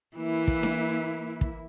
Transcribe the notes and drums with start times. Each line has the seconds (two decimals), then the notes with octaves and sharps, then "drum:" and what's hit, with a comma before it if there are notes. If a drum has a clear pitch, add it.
0.16 E3 A#3 E4
0.48 drum: kick
0.63 drum: snare D4
1.41 drum: kick